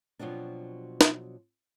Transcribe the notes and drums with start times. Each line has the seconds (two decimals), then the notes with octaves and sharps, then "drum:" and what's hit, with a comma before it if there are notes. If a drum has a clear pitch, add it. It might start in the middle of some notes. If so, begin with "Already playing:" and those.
0.19 B2 F3 F#3 C4 D4
1.01 drum: snare